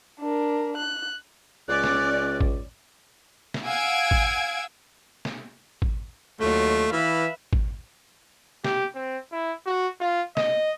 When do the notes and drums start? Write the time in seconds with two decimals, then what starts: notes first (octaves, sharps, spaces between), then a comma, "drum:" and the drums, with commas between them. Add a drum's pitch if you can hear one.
0.20 D4 A#4
0.77 F#6
1.69 C#2 C#4 D5 F#6
1.84 drum: snare
2.41 drum: kick G#1
3.54 drum: snare
3.65 F5 F#5 G#5 E6 G#6 D7
4.11 drum: kick G#1
5.25 drum: snare
5.82 drum: kick G#1
6.40 D#2 F#3 A3 F4
6.92 E3 B4 E5 F5
7.53 drum: kick G#1
8.64 G4, drum: snare
8.95 C4
9.32 E4
9.66 F#4
10.00 F4
10.37 D#5, drum: snare